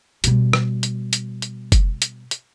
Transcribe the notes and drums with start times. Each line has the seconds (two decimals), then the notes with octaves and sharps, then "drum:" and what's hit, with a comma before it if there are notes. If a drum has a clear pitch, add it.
0.24 B2 G3, drum: hi-hat
0.53 drum: rim click
0.83 drum: hi-hat
1.13 drum: hi-hat
1.42 drum: hi-hat
1.72 drum: kick F#1, hi-hat
2.02 drum: hi-hat
2.31 drum: hi-hat